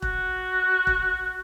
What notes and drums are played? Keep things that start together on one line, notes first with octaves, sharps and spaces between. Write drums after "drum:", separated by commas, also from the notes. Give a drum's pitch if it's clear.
F#4, drum: kick E1
drum: kick E1